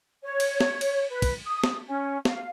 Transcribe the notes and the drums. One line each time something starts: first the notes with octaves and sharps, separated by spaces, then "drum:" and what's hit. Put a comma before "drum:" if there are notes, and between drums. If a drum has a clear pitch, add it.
C#5
drum: cymbal
drum: snare
drum: cymbal
B4
drum: kick, cymbal
D#6
drum: snare
C#4
F5, drum: snare